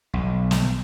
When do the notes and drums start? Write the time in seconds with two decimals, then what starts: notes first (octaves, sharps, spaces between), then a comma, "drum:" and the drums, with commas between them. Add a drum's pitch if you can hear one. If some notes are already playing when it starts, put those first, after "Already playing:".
0.14 B1
0.51 drum: snare